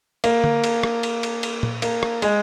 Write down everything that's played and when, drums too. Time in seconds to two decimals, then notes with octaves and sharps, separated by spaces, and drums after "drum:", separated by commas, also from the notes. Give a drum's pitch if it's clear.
0.24 A#3, drum: cymbal
0.44 drum: tom D3
0.64 drum: cymbal
0.83 drum: rim click
1.03 drum: cymbal
1.23 drum: cymbal
1.43 drum: cymbal
1.63 drum: tom A#2
1.82 A#3, drum: cymbal
2.03 drum: rim click
2.22 G#3, drum: cymbal